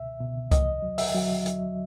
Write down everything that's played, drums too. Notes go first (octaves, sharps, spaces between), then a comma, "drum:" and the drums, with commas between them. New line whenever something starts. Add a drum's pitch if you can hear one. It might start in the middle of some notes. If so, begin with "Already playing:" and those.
Already playing: C#2 B2 E5
B2
D#2 D#5, drum: kick C2, hi-hat
F#3
E5, drum: open hi-hat
F#3
drum: hi-hat